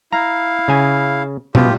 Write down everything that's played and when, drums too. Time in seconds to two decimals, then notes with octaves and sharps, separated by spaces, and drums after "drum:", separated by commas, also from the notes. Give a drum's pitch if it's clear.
0.13 E4 F5 A#5
0.68 C#3 G#5
1.55 B2 F4 G4, drum: tom A#2